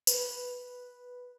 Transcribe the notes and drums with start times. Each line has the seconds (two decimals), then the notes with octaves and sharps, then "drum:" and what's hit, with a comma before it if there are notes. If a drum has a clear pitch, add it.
0.07 B4, drum: tambourine